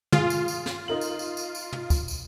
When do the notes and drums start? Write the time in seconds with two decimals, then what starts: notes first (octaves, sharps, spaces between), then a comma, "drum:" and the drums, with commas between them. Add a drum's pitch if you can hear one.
0.12 F4 G#4, drum: tom
0.30 drum: tambourine
0.48 drum: tambourine
0.66 drum: snare
0.88 D#4 A#4 F#7
1.01 drum: tambourine
1.19 drum: tambourine
1.37 drum: tambourine
1.55 drum: tambourine
1.73 drum: tom
1.90 drum: kick, tambourine
2.08 drum: tambourine